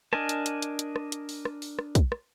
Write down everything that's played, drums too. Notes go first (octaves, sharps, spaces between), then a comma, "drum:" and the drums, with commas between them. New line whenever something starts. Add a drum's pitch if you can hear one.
D4 A#4 D#5 G#5 A5, drum: rim click
drum: hi-hat
drum: hi-hat
drum: hi-hat
drum: hi-hat
drum: rim click
drum: hi-hat
drum: open hi-hat
drum: rim click
drum: open hi-hat
drum: rim click
drum: kick, hi-hat
drum: rim click